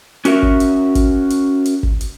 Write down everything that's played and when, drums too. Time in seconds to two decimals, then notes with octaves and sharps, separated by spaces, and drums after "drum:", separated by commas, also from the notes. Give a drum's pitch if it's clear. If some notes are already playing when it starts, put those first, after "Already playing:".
0.25 C#4 F#4 A#4 E5, drum: hi-hat
0.43 drum: kick G1
0.60 drum: hi-hat
0.95 drum: kick G1, hi-hat
1.30 drum: hi-hat
1.65 drum: hi-hat
1.83 drum: kick G1
2.01 drum: hi-hat